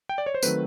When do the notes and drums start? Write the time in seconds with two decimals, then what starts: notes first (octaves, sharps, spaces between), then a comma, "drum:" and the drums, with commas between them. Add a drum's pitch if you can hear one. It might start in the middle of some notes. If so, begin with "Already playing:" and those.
0.09 G5
0.18 D5
0.26 C#5
0.35 C5
0.43 D#3 F#3 A3 C4 B4, drum: tambourine